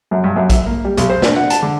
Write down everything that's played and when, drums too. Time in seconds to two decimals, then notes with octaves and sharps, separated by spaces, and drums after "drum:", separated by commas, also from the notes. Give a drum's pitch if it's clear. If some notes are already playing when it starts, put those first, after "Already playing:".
0.11 F#2
0.24 G2
0.36 F#2
0.50 E5, drum: kick A#1, hi-hat
0.66 A#3
0.85 G3
0.97 B1, drum: hi-hat
1.10 C5
1.22 D4, drum: snare
1.36 F#5
1.50 A5, drum: hi-hat
1.63 D3